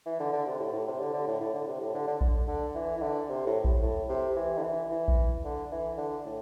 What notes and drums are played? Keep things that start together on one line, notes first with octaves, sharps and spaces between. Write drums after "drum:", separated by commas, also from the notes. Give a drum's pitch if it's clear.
E3
D3
D3
C3
A2
A2
C3
D3
D3
A2
A2
D3
C3
A2
D3
D3
drum: kick A#1
D3
E3
E3
D3
C3
A2
drum: kick A#1
A2
C3
E3
D3
E3
E3
drum: kick A#1
D3
E3
D3
A2